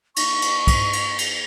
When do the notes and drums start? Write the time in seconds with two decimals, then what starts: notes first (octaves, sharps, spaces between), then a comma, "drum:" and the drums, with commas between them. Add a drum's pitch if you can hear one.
0.16 C#6, drum: cymbal
0.42 drum: cymbal
0.67 drum: kick, cymbal
0.93 drum: cymbal
1.18 drum: cymbal